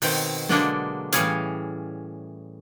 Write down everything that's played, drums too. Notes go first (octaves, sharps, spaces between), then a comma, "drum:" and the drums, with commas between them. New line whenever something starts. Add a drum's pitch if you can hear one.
B2 D#3 C4, drum: open hi-hat
B2 D3 F#3 G#3 A#3 D4, drum: snare
A2 E3 G3 C#4 G#4 F5, drum: hi-hat